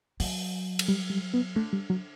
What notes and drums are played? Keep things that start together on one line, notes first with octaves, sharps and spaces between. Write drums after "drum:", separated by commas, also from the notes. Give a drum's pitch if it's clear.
F#3, drum: open hi-hat
drum: cymbal
G3
G3
B3
D3 A3
G3
F#3